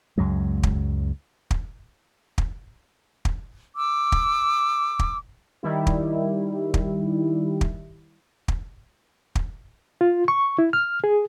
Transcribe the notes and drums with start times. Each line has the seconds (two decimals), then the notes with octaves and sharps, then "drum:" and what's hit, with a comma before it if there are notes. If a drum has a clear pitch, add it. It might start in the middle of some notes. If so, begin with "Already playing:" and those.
0.18 C#2 F#2 F#3 G#3
0.63 drum: kick
1.51 drum: kick
2.38 drum: kick
3.25 drum: kick
3.77 D6 E6
4.12 drum: kick
4.99 drum: kick
5.63 D#3 G3 E4
5.87 drum: kick
6.74 drum: kick
7.61 drum: kick
8.48 drum: kick
9.35 drum: kick
10.01 F4
10.28 C#6
10.59 E4
10.73 F6
11.04 G#4